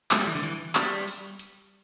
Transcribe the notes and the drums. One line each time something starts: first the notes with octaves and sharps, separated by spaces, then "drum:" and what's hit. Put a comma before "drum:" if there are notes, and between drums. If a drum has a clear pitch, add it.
A3, drum: clap
G3
E3
D3
E3, drum: hi-hat
G3, drum: clap
drum: open hi-hat
drum: hi-hat